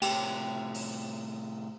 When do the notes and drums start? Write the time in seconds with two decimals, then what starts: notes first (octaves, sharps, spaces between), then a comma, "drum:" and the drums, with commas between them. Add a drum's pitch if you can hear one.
0.02 A2 C3 G4, drum: cymbal
0.74 drum: open hi-hat